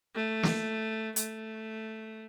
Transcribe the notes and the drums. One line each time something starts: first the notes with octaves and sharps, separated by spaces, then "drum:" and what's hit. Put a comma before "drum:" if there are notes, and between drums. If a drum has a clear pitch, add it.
A3
drum: snare
A3, drum: hi-hat